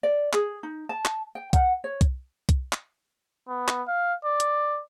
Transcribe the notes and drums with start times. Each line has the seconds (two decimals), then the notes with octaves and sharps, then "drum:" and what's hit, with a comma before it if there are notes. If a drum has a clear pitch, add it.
0.03 D5
0.33 G#4, drum: clap
0.63 D#4
0.89 A5
1.05 drum: clap
1.35 G5
1.53 F#5, drum: kick, hi-hat
1.84 C#5
2.01 drum: kick, hi-hat
2.49 drum: kick, hi-hat
2.73 drum: clap
3.49 B3
3.68 drum: clap
3.88 F5
4.25 D5
4.40 drum: hi-hat